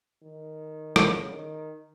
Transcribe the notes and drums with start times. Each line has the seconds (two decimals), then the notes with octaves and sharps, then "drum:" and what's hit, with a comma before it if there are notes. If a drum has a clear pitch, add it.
0.23 D#3
0.96 C#3, drum: rim click
1.33 D#3